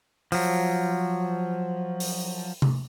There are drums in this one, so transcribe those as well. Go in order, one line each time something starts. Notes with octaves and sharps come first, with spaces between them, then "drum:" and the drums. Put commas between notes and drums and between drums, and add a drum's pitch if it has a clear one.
F3 F#3, drum: open hi-hat
drum: open hi-hat
drum: tom C3